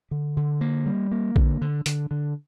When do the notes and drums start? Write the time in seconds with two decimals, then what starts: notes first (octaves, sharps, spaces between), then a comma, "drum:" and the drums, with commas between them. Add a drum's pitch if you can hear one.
0.11 D3
0.37 D3
0.61 A#3
0.86 G3
1.12 A#3
1.36 D3, drum: kick A#1
1.61 D3
1.86 D3, drum: hi-hat
2.11 D3